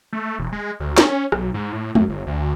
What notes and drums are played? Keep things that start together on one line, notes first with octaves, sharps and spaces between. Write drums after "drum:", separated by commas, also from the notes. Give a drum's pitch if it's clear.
A3
E1
G#3
D2
C#4, drum: snare
C#4
B1, drum: rim click
G#2
A2
F#2, drum: tom G#3
G1
D2